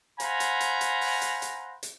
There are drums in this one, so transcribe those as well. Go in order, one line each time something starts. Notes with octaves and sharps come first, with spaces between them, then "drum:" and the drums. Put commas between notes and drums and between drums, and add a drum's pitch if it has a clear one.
C5 F5 F#5 G#5 A#5 B5, drum: hi-hat
drum: hi-hat
drum: hi-hat
drum: hi-hat
drum: open hi-hat
drum: hi-hat
drum: hi-hat
drum: hi-hat